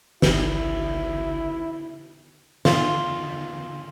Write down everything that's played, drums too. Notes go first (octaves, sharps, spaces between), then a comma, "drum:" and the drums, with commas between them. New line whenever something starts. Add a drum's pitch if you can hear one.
G1 C2 E4, drum: snare
F4, drum: snare